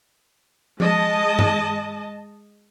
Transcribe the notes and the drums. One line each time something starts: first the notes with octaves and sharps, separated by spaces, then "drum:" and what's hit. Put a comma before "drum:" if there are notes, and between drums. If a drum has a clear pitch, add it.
G#3 D#5 A5, drum: tom F3
drum: tom G2